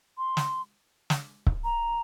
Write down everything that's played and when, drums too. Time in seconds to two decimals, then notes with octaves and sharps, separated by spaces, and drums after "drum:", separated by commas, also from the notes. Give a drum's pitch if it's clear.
0.18 C6
0.37 drum: snare
1.10 drum: snare
1.46 drum: kick C#1
1.64 A#5